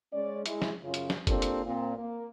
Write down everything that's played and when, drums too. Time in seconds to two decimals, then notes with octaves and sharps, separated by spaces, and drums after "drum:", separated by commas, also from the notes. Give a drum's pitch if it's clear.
0.13 G#3 C#4 D5
0.46 G#3 E4, drum: hi-hat
0.62 drum: snare
0.83 F#2 C#3 C#4 F4
0.94 drum: hi-hat
1.10 drum: snare
1.27 A#3 C4 D4 F4 G4 A4, drum: kick, hi-hat
1.42 drum: hi-hat
1.66 A#2 C4
1.98 A#3